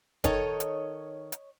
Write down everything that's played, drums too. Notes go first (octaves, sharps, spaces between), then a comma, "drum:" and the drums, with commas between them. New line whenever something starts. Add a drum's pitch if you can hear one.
D#3 D#4 A4 C#5 D#5, drum: kick F#1, hi-hat
drum: hi-hat
drum: hi-hat